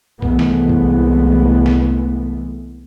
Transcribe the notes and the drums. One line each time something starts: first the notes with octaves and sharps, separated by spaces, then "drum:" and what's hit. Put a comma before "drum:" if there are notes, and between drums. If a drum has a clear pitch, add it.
C2 E3 G#3 A3 B3, drum: kick
drum: snare
drum: kick
drum: snare